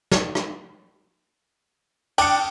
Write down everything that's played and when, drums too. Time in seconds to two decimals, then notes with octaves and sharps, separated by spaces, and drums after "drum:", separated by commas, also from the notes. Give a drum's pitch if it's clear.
0.11 drum: snare
0.35 drum: rim click
2.18 D4 G5 C#7, drum: cymbal